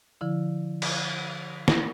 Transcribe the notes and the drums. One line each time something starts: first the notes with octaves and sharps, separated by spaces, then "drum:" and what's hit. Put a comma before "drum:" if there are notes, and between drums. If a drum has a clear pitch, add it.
D3 F3 E4
drum: cymbal
drum: snare